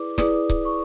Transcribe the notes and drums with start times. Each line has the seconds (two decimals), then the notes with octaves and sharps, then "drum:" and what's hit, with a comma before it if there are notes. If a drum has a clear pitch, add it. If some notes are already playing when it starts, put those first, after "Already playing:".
Already playing: E4 G#4 B4 D5 D6
0.18 E4 G#4 B4 D5 D#6, drum: snare
0.49 drum: kick C#1
0.65 C#6